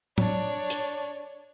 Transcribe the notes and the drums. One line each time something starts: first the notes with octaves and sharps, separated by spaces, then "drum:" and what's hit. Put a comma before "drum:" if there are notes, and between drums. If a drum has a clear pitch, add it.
D4 C#5, drum: tom
drum: hi-hat